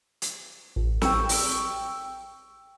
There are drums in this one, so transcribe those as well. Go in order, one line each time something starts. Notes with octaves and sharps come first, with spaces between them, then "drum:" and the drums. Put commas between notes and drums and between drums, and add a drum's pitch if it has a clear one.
drum: hi-hat
A1
G5 C#6 E6, drum: snare
drum: open hi-hat